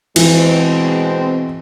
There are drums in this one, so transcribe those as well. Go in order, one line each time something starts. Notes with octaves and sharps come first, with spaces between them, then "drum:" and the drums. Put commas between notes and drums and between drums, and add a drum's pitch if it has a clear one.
B2 E3 G#3 C4, drum: cymbal